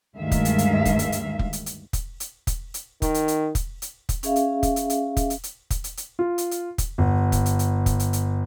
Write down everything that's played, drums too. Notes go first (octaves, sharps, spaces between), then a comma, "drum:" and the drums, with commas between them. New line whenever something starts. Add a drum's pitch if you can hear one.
D2 G2 D#3 G#3 E5 F5
drum: kick, hi-hat
drum: hi-hat
drum: hi-hat
drum: kick, hi-hat
drum: hi-hat
drum: hi-hat
drum: kick
drum: hi-hat
drum: hi-hat
drum: kick, hi-hat
drum: hi-hat
drum: kick, hi-hat
drum: hi-hat
D#3, drum: kick, hi-hat
drum: hi-hat
drum: hi-hat
drum: kick, hi-hat
drum: hi-hat
drum: kick, hi-hat
C#4 G#4 E5 F5, drum: hi-hat
drum: hi-hat
drum: kick, hi-hat
drum: hi-hat
drum: hi-hat
drum: kick, hi-hat
drum: hi-hat
drum: hi-hat
drum: kick, hi-hat
drum: hi-hat
drum: hi-hat
F4
drum: hi-hat
drum: hi-hat
drum: kick, hi-hat
G1
drum: kick, hi-hat
drum: hi-hat
drum: hi-hat
drum: kick, hi-hat
drum: hi-hat
drum: hi-hat